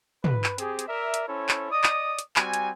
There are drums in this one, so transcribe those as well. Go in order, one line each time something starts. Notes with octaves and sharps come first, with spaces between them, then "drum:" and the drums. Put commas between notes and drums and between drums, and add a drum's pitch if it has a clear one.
B4, drum: tom
drum: clap
C4 G4 G#4, drum: hi-hat
drum: hi-hat
A#4 D5 E5
drum: hi-hat
C#4 E4 A4 C5 C#5
drum: clap
D5 D#5 D#6
drum: clap
drum: hi-hat
G3 C4 F#4 G#5, drum: clap
drum: hi-hat